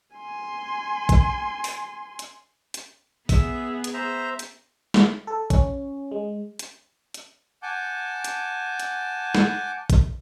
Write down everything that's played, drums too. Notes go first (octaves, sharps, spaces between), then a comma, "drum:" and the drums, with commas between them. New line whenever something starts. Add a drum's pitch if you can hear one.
G#5 C6
drum: kick, hi-hat
drum: open hi-hat
drum: hi-hat
drum: hi-hat
B3 G#4 E5, drum: kick, open hi-hat
drum: hi-hat
C5 E5 A#5
drum: hi-hat
drum: snare
A4
C#4, drum: kick, hi-hat
G#3
drum: hi-hat
drum: hi-hat
F#5 G#5 A5 D6 G6
drum: hi-hat
drum: hi-hat
drum: snare
drum: kick, hi-hat